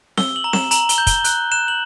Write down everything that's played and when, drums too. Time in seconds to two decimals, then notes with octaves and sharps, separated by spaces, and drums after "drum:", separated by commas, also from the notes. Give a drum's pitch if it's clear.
0.17 E6 G7, drum: snare C4
0.36 F#7
0.44 A#5
0.53 E7, drum: snare C4
0.71 A#5 F#7, drum: hi-hat
0.89 G7, drum: hi-hat
0.98 G6
1.07 G7, drum: kick, hi-hat
1.24 F#6, drum: hi-hat
1.52 F#6 E7
1.68 F#7